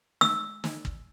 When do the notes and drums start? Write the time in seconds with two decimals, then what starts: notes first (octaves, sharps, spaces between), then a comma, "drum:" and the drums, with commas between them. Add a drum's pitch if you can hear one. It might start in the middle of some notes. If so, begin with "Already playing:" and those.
0.21 E6, drum: snare
0.64 drum: snare
0.85 drum: kick